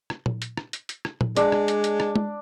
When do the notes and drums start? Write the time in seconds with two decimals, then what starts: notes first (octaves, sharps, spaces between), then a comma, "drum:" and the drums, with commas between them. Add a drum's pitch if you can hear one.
0.10 drum: rim click
0.26 drum: tom A#2
0.42 drum: hi-hat
0.57 drum: rim click
0.73 drum: hi-hat
0.89 drum: hi-hat
1.05 drum: rim click
1.21 drum: tom A#2
1.37 G#3 D4 D5, drum: hi-hat
1.52 drum: rim click
1.68 drum: hi-hat
1.84 drum: hi-hat
2.00 drum: rim click
2.16 drum: tom G#3